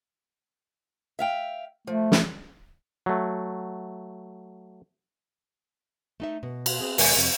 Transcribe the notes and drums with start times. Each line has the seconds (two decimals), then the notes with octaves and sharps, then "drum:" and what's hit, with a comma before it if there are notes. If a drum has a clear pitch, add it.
1.19 E5 F5 G5
1.87 F3 A3
2.12 drum: snare
3.06 F#3 A3
6.20 A3 D#4 E5
6.43 B2
6.66 drum: cymbal
6.80 C4 G#4
6.98 D#2 B2 G#3 A#4 G#5 A5, drum: open hi-hat
7.16 F2 C3